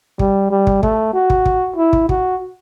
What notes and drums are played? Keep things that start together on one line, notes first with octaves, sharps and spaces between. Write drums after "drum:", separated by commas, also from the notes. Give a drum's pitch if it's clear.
G3, drum: kick
G3
drum: kick
A3, drum: kick
F#4
drum: kick
drum: kick
E4
drum: kick
F#4, drum: kick